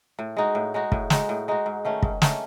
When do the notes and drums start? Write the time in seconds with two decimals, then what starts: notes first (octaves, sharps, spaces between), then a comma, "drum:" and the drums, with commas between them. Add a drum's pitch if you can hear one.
0.19 A2
0.37 G#3 D#4 F#4
0.55 A2
0.74 G#3 D#4 F#4
0.92 A2, drum: kick
1.10 G#3 D#4 F#4, drum: snare
1.29 A2
1.48 G#3 D#4 F#4
1.66 G#2
1.85 D#3 A3 C#4
2.03 G#2, drum: kick
2.22 D#3 A3 C#4, drum: snare